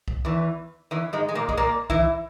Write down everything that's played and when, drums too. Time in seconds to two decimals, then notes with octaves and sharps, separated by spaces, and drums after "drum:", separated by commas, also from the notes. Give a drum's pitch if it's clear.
0.08 drum: kick B1
0.25 E2 E3
0.91 E2 E3
1.13 G#2 G#3
1.29 G#3
1.35 A#2 A#3
1.49 G#3, drum: kick B1
1.57 A#2 A#3
1.90 E3 E4, drum: kick B1